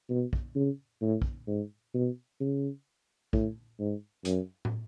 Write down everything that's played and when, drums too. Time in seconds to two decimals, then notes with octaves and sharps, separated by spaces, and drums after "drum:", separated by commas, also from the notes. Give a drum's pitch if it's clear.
0.10 B2
0.33 drum: kick
0.56 C#3
1.02 A2
1.22 drum: kick
1.48 G#2
1.95 B2
2.41 C#3
3.33 A2, drum: kick
3.80 G#2
4.25 F#2, drum: hi-hat
4.65 drum: tom